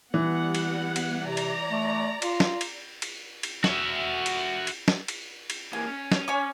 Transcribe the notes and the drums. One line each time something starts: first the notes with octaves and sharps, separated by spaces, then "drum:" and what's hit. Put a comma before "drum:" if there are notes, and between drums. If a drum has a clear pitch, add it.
E3 G3 B3 F#5
drum: cymbal
drum: cymbal
C3 D5 A#5
drum: cymbal
A3
F4, drum: cymbal
drum: snare
drum: cymbal
drum: cymbal
drum: cymbal
F#4 E5, drum: snare
drum: cymbal
drum: cymbal
drum: snare
drum: cymbal
drum: cymbal
E3 A#3 G#5
C#4
drum: snare
C#5 G#5 D6